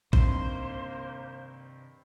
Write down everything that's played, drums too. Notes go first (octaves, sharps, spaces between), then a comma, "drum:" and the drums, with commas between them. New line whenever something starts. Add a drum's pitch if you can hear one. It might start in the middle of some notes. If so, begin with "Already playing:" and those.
G2 C3 D#3 A#3 C5, drum: kick A#1